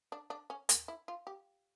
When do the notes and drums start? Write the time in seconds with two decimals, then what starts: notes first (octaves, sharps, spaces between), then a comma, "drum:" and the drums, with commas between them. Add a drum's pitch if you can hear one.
0.12 D4
0.30 D4
0.50 C#4
0.69 A#3, drum: hi-hat
0.88 E4
1.08 F4
1.27 G4